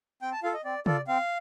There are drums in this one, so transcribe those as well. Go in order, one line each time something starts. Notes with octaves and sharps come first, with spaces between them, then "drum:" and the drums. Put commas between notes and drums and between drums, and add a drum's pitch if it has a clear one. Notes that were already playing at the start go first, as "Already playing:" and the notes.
C4 G5
A5
F4 A4 F5
D#5
C4 D5
F4 A4 D5, drum: tom
C4 F5